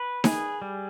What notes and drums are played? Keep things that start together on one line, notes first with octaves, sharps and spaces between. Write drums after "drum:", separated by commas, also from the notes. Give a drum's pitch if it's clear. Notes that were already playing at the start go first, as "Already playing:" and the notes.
Already playing: B4
G#4, drum: snare D#4
G3